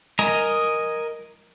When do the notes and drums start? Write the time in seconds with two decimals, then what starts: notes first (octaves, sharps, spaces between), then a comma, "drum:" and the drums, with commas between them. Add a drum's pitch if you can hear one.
0.19 A#4 D#5 G#5 A#5, drum: tom G3